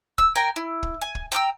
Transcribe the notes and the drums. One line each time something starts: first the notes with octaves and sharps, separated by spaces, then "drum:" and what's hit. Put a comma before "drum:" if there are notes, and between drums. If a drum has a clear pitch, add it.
E6, drum: kick
A#4 G5 G#5 A#5
E4
drum: kick
G#5
drum: kick
G5 A#5 D6 E6